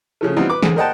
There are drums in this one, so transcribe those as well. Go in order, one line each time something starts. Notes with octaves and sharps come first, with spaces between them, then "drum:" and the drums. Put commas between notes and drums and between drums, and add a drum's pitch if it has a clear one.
C#3 F3 A3
E3 G3 B3 C4 D#4 F4
B4 D6
D3 G#4, drum: snare
A#4 C5 D#5 F#5 G5 A5